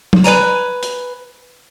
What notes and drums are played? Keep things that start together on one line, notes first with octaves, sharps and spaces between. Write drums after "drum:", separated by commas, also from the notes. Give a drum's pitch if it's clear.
drum: tom
B4 C#5 G#5 A#5
drum: hi-hat